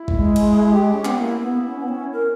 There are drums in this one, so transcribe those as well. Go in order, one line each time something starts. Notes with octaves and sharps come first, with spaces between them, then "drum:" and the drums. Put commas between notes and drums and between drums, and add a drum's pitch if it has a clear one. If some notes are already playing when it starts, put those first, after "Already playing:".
Already playing: E4
G#3, drum: kick G#1
drum: cymbal
G4
C#4
B3, drum: clap
A#3 E4
B3
C#4
B3
C#4
A#4